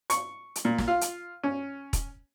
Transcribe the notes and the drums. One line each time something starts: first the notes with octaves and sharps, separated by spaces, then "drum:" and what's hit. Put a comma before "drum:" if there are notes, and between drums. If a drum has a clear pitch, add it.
C#6, drum: hi-hat
drum: hi-hat
A#2
drum: snare
F4
drum: hi-hat
C#4
drum: kick E1, hi-hat